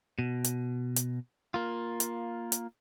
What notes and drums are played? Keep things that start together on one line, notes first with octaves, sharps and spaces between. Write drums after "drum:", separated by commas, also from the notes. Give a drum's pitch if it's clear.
B2
drum: hi-hat
drum: hi-hat
A#3 F4
drum: hi-hat
drum: hi-hat